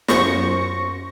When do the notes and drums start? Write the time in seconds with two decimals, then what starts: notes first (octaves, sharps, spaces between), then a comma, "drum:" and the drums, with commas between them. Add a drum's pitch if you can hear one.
0.08 F#2 C5 C#6 A#6, drum: snare